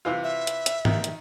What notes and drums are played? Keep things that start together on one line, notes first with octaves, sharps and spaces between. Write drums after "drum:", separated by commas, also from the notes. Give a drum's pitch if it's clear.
C3 E3 F4
E5
drum: hi-hat
drum: hi-hat
D#3, drum: tom G#2
drum: hi-hat